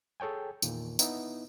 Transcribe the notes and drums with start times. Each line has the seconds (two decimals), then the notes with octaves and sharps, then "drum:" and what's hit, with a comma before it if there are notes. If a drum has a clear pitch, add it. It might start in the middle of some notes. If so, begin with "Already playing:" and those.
0.20 G#4 A4 C#5 G5 G#5
0.62 E2 A#2 D#3, drum: tambourine
0.99 B3 D#4 E4, drum: tambourine